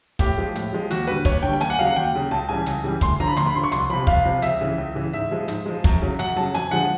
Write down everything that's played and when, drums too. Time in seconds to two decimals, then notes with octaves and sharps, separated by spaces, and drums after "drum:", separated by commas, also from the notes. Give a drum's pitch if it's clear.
0.19 A2 G4, drum: kick, hi-hat
0.37 F3 G#3
0.55 A2, drum: hi-hat
0.73 F3 G#3
0.91 D#2 F#4, drum: hi-hat
1.07 D3 G3 B4
1.25 D#2 C#5, drum: kick, hi-hat
1.43 D3 G3 G5
1.53 G5
1.61 D#2 G#5, drum: hi-hat
1.70 F#5
1.79 C#3 F#3 F5
1.87 F#5
1.96 D#2 G5
2.13 C#3 F#3
2.31 C#2 A5
2.49 C#3 E3 G3 G#5
2.66 C#2, drum: hi-hat
2.84 C#3 E3 G3
3.01 D2 C6, drum: kick, hi-hat
3.20 D3 F3 A#5
3.28 B5
3.37 D2 C6, drum: hi-hat
3.46 B5
3.55 D3 F3 C6
3.64 C#6
3.72 C2 C6, drum: hi-hat
3.90 C3 F3 B5
4.07 C2 F5, drum: kick
4.25 C3 F3
4.42 C#2 E5, drum: hi-hat
4.61 C#3 E3
4.78 C#2
4.95 C#3 E3
5.13 G#2 E5
5.31 F3 G#3
5.48 G#2, drum: hi-hat
5.66 F3 G#3
5.84 F#2, drum: kick, hi-hat
6.02 C#3 F#3
6.19 F#2 F#5, drum: hi-hat
6.36 C#3 F#3 A5
6.54 F2 G#5, drum: hi-hat
6.71 D3 F3 G#3 F#5